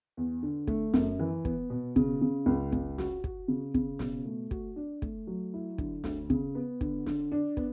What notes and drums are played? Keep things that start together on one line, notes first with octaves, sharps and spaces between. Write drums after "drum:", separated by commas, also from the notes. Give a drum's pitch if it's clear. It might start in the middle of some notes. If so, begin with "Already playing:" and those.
E2
D3
A3, drum: kick
F#2, drum: snare
E3
B3, drum: kick
B2
C#3, drum: kick
C#3
C#2
C#2, drum: kick
F#4, drum: snare
F#4, drum: kick
C#3
C#3, drum: kick
B2, drum: snare
A3
F#4, drum: kick
D4
A3, drum: kick
F#3
E4
D3, drum: kick
D2, drum: snare
C#3, drum: kick
B3
D3, drum: kick
D3, drum: snare
D4
B3, drum: kick